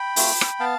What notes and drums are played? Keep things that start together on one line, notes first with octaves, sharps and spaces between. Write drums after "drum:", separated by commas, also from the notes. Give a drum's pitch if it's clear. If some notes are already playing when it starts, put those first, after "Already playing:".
Already playing: G5 B5
A3 C4 F4, drum: open hi-hat
drum: rim click
B3 F5 A5